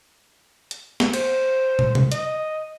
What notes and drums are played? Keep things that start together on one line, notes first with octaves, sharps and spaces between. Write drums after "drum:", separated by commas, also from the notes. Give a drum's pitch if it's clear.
drum: hi-hat
drum: snare
C5, drum: cymbal
drum: tom
drum: tom C3
D#5, drum: hi-hat